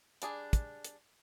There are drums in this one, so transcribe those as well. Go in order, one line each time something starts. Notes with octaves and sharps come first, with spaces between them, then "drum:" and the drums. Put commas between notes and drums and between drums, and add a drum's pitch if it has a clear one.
G3 D4 G#4, drum: hi-hat
drum: kick, hi-hat
drum: hi-hat